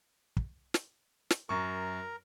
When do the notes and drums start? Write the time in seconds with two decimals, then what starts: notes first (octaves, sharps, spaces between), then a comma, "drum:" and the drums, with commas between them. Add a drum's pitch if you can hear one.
0.37 drum: kick
0.74 drum: snare
1.30 drum: snare
1.49 F#2 A#4 C#6